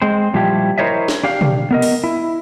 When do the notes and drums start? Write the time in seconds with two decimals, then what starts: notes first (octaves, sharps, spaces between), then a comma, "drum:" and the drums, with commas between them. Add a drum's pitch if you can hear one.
0.02 G#3 C4 C5
0.34 A#2 F3 G3 A3 E4 G4
0.78 E4 A#4 C5 C#5 D#5 E5
1.08 drum: snare
1.24 D4 G4 F5
1.41 drum: tom
1.71 B3 A#4 D#5
1.82 drum: open hi-hat
2.04 E4